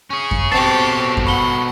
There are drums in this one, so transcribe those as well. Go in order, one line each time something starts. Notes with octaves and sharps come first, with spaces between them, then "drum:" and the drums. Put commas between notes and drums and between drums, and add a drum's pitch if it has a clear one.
C#4 G#4 C#6
drum: kick F#2
B2 C4 G4 A4 A5 A6 C7
drum: kick F#2
F#5 B5 C#6 G7